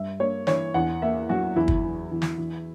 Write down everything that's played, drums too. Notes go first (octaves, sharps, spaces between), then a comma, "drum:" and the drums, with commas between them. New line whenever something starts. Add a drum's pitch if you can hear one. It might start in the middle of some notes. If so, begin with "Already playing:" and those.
Already playing: G2 E5
A#3 C#5
E3 C#5, drum: snare
E2 F#5
A#3 E5
F#3 F#4
E2 E4
drum: kick
E3
E2
drum: snare
E3